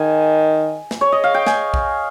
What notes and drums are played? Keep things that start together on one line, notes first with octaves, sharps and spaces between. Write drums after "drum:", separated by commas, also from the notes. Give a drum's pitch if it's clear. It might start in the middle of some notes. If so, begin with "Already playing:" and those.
Already playing: D#3 G#5
drum: snare
C#5
D#5
F5
G5
G#5, drum: snare
drum: kick A#1